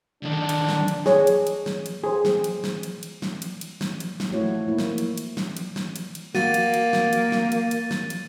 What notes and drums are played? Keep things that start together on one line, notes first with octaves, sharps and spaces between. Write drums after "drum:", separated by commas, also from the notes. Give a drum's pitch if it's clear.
D3 D#3 D4
drum: cymbal
drum: snare
drum: cymbal
G#4 C#5, drum: snare
drum: cymbal
drum: cymbal
drum: snare
drum: cymbal
G#4 C5
drum: snare
drum: cymbal
drum: snare
drum: cymbal
drum: cymbal
drum: snare
drum: cymbal
drum: cymbal
drum: snare
drum: cymbal
drum: snare
F3 A3 E4 F#4 C#5
A#3 E4
drum: snare
drum: cymbal
drum: cymbal
drum: snare
drum: cymbal
drum: snare
drum: cymbal
drum: cymbal
A#3 F#4 A6 D#7, drum: snare
drum: cymbal
drum: cymbal
drum: snare
drum: cymbal
drum: snare
drum: cymbal
drum: cymbal
drum: snare
drum: cymbal